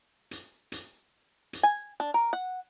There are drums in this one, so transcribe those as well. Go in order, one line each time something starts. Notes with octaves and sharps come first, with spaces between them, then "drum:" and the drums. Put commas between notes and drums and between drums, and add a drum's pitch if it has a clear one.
drum: hi-hat
drum: hi-hat
drum: hi-hat
G#5
D4
A#4
F#5